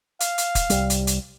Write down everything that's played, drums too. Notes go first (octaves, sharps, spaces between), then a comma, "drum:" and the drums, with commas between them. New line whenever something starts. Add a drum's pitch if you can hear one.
F5, drum: hi-hat
drum: hi-hat
drum: kick, hi-hat
C2 G3, drum: hi-hat
drum: hi-hat
drum: hi-hat